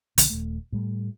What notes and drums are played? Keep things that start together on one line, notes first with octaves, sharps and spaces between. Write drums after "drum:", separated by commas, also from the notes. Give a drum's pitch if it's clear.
B1 D3 F3 B3, drum: hi-hat
D#1 A3
A2 G3 A3